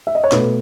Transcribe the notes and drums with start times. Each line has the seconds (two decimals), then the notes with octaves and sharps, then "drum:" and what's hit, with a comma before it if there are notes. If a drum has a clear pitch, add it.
0.07 E5
0.15 D#5
0.24 C#5
0.32 B2 A3 B4, drum: snare